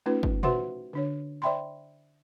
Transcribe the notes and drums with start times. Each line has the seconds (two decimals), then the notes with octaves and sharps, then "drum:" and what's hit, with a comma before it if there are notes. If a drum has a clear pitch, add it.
0.06 A3 C#4 D#4 F4 B4
0.23 drum: kick
0.43 F#4 B4 C5 E5 F#5 C6, drum: tom A#2
0.93 D3 D4 C#5
1.42 C5 D5 E5 G5 B5 C6